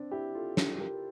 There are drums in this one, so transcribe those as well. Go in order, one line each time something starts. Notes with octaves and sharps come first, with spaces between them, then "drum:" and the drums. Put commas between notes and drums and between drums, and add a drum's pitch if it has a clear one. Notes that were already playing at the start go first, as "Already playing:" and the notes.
Already playing: C4 D4
E4 G4
F4 A4
drum: snare
G4 A#4